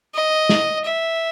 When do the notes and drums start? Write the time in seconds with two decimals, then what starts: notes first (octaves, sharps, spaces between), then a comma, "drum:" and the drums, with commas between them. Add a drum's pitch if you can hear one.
0.15 D#5
0.49 drum: snare E4
0.84 E5